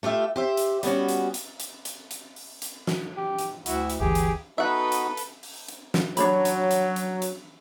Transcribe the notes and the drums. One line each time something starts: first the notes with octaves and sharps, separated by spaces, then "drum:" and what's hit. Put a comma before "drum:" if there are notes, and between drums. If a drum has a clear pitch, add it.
A3 F4 G4 E5
G4 C5 E5
drum: hi-hat
G3 B3 C#4 F#4, drum: hi-hat
drum: hi-hat
drum: hi-hat
drum: hi-hat
drum: hi-hat
drum: hi-hat
drum: open hi-hat
drum: hi-hat
drum: snare
G4
drum: hi-hat
D2 E4 F#4 E5, drum: hi-hat
drum: hi-hat
G1 D2 E3 G4 G#4
drum: hi-hat
B3 D#4 F#4 A4 B4 E5 F#5
drum: hi-hat
drum: hi-hat
drum: open hi-hat
drum: hi-hat
drum: snare
F#3 D4 C#5 B5, drum: hi-hat
drum: hi-hat
drum: hi-hat
drum: hi-hat
drum: hi-hat